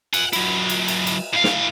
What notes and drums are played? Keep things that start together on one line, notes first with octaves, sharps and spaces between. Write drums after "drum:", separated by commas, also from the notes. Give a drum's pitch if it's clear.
F#5 G#5, drum: cymbal
F#3 E4, drum: cymbal
drum: cymbal
drum: cymbal
drum: cymbal
A2 F5
drum: snare